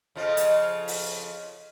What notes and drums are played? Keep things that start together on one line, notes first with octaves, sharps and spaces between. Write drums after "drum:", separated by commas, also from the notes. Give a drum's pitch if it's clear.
F2 C#3 F3
drum: hi-hat
drum: open hi-hat